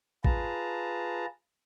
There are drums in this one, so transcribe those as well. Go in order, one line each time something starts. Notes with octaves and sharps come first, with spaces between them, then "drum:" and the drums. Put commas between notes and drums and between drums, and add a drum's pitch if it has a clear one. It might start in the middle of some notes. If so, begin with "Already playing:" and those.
F4 G#4 B4 A5 A#5, drum: kick